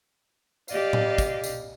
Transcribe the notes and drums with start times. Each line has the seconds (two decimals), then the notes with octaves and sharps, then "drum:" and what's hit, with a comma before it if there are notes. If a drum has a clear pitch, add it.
0.68 G4 D5 D#5 F5, drum: tambourine
0.93 drum: tom A2
1.18 drum: kick, tambourine
1.44 drum: tambourine